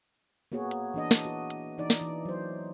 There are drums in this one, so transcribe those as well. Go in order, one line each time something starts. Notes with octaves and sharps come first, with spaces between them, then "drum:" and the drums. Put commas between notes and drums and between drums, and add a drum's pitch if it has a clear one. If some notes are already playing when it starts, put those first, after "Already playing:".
A#3 B3 F#4 G#4 C#5
drum: hi-hat
E3 D4 D#5
drum: snare
F#4
drum: hi-hat
E3 D#4 D5
drum: snare
E3
F#3 C5